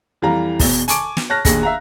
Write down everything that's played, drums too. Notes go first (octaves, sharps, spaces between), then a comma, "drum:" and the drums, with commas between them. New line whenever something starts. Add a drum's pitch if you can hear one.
F2 E3 G3 F5 A#5
E2 B2, drum: kick, open hi-hat
G#5 A5 C#6 D6 D7, drum: hi-hat
drum: snare
C#5 A5 F6 F#6 A#6
A#1 D#2 G#4 A#6, drum: kick, hi-hat
E5 F5 A#5